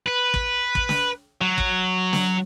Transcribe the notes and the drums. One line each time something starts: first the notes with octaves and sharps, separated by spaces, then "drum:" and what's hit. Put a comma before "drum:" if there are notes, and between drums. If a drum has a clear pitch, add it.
B4
drum: kick
drum: kick
drum: snare
F#3
drum: kick
drum: snare